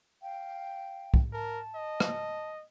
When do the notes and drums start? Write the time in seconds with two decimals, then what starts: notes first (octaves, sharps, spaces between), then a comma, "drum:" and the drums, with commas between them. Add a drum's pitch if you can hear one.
0.22 F5 G5
1.14 drum: kick
1.33 A#4 A5
1.76 D#5
2.00 drum: rim click